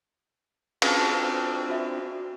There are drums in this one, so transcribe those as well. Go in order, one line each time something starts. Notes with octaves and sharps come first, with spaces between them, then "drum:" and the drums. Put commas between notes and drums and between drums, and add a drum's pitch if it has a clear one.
C#3 C4 D4 F4 B4 A5, drum: cymbal
F#4 E5